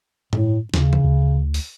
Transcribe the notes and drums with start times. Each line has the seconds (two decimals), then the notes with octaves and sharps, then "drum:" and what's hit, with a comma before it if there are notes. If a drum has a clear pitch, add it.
0.33 A2, drum: tom G2
0.74 D#2 C#3, drum: snare
0.93 drum: tom
1.05 D2
1.54 drum: open hi-hat